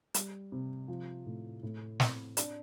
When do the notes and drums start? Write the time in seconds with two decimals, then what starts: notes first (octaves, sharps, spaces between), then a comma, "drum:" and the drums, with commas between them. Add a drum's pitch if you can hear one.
0.14 G3, drum: hi-hat
0.52 C3
0.88 F3
1.26 A2
1.63 A2
2.00 C4, drum: snare
2.37 D4, drum: hi-hat